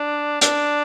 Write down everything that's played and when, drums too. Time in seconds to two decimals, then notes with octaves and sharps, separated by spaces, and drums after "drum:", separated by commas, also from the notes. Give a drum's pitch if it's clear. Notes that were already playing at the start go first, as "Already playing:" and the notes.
Already playing: D4
0.41 D4, drum: hi-hat